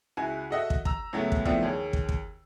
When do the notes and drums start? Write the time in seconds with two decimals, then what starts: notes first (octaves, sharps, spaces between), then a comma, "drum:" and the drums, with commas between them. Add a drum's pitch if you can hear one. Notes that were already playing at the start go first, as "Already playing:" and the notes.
0.17 C#2 E4 F#4 G#5
0.50 F#4 A4 D#5 E5 F#5
0.70 drum: kick
0.85 A#5 E6, drum: kick
1.13 C#2 F#3 A3 B3
1.32 drum: kick
1.45 F3 A3 B3 C4 D4 E4, drum: kick
1.62 D#2 G#4 C#5
1.93 drum: kick
2.09 drum: kick